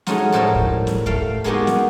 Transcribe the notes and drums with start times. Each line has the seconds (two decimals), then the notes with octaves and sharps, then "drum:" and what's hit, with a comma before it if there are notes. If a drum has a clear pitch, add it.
0.07 G#3 A3 C#4 D#4 F4 F#4, drum: snare
0.32 A2 F3 G3 E4 A4 A#4
0.55 drum: kick
0.87 drum: snare
1.06 A3 F5 G5, drum: kick
1.44 G#3 A#3 B3 D#4 F#4 G4
1.67 drum: snare